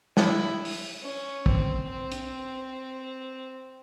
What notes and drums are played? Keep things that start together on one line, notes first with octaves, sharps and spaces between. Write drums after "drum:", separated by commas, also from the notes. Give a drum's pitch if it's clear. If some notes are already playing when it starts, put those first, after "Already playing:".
E4, drum: snare
drum: open hi-hat
C#4
C4, drum: kick
C4
drum: hi-hat